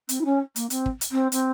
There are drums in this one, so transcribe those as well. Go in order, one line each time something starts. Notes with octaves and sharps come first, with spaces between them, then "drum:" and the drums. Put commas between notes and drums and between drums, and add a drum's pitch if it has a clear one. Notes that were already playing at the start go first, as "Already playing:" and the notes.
C4, drum: hi-hat
E4
C#4
A#3, drum: hi-hat
C4, drum: hi-hat
drum: kick
drum: hi-hat
C4
C4, drum: hi-hat